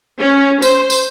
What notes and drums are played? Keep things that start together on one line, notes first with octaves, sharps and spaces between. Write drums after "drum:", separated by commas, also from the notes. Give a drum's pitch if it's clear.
C#4
C5, drum: tambourine
drum: tambourine